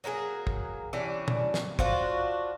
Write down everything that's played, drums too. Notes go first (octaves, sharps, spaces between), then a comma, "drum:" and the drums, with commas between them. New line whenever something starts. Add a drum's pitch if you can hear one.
F#3 A#3 D#4 G#4
drum: kick
E3 G3 C#4 D4
drum: tom
drum: snare
D4 F4 F#4 C5, drum: kick